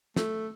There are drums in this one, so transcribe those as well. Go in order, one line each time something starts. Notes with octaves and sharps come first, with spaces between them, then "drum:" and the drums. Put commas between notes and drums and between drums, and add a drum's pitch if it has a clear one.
A3, drum: snare